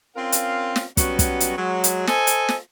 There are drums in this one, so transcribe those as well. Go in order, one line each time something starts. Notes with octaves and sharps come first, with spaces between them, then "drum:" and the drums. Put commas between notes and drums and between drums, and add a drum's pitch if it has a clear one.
C4 C#4 F4 A#4 F5
drum: hi-hat
drum: snare
F#3 G3 B3 C#4 F#4, drum: kick, hi-hat
drum: kick, hi-hat
drum: hi-hat
F#3 G#3
drum: hi-hat
A4 C5 D#5 G#5, drum: snare
drum: hi-hat
drum: snare